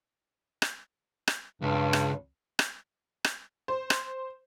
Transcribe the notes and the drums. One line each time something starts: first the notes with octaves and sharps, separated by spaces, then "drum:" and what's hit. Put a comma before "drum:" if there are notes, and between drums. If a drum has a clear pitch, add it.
drum: rim click
drum: rim click
C#2 G2
drum: rim click
drum: rim click
drum: rim click
C5
drum: rim click